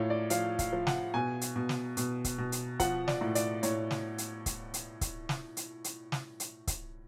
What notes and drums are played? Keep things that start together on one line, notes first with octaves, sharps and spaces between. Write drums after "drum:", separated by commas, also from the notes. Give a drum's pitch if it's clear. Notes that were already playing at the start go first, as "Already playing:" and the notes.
Already playing: A2 F3 C#5 F5
D5
F3 F5, drum: hi-hat
F5, drum: kick C#1, hi-hat
F3
F#5, drum: snare
B2 G#5
drum: hi-hat
B2
drum: snare
B2, drum: hi-hat
drum: kick C#1, hi-hat
B2
drum: hi-hat
F3 F#5, drum: kick C#1, hi-hat
D5, drum: snare
A2
D5, drum: hi-hat
A2 C#5, drum: hi-hat
drum: snare
drum: hi-hat
drum: kick C#1, hi-hat
drum: hi-hat
drum: kick C#1, hi-hat
drum: snare
drum: hi-hat
drum: hi-hat
drum: snare
drum: hi-hat
drum: kick C#1, hi-hat